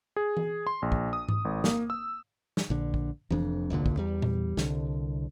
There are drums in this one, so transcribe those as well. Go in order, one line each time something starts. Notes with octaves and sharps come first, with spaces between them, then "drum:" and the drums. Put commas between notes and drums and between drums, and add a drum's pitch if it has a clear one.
G#4
drum: tom E3
C6
A#1
drum: kick
D#6
drum: tom G#2
G#1
A#3, drum: snare
E6
drum: snare
A#1 D3
drum: kick
F1 F2 D4, drum: tom E3
F1 D2 A#2 D3
drum: kick
E2 G3
drum: tom A#2
C2 D3, drum: snare